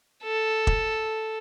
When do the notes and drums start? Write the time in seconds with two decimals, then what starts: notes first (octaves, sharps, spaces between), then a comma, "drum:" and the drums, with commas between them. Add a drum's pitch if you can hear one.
0.24 A4
0.67 drum: kick